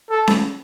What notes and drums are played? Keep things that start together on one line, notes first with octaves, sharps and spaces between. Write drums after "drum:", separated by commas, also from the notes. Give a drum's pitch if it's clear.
A4
drum: snare C#4